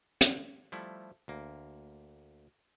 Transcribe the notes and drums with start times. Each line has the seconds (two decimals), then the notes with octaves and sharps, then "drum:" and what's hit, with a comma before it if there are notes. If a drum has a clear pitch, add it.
0.21 drum: hi-hat
0.72 F3 G3 A3 E4
1.28 D2 A#3